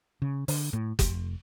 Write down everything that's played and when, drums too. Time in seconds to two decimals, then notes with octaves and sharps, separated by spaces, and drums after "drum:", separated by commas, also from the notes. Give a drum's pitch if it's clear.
0.22 C#3
0.48 D3, drum: open hi-hat
0.73 A2
0.99 F1, drum: kick F#1, hi-hat